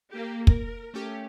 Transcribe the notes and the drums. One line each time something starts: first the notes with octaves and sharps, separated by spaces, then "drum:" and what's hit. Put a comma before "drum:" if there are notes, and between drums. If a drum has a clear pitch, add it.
A#3 G4
A#4, drum: kick
A3 C#4 G4